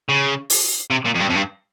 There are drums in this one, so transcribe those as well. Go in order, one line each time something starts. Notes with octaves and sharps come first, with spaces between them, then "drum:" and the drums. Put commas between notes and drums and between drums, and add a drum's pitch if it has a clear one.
C#3
drum: open hi-hat
C3
A#2
F2
G2
F2
G2